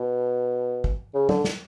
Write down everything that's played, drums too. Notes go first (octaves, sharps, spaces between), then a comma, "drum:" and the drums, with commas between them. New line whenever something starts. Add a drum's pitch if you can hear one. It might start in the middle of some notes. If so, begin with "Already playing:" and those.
Already playing: B2
drum: kick
C#3
D3, drum: tom
drum: snare